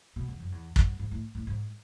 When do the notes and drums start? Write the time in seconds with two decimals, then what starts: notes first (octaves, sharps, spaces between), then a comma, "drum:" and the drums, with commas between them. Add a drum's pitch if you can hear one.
0.16 B2
0.28 E2
0.40 F#2
0.52 E2
0.76 F#2, drum: kick
0.99 G#2
1.11 A2
1.35 A2
1.47 G#2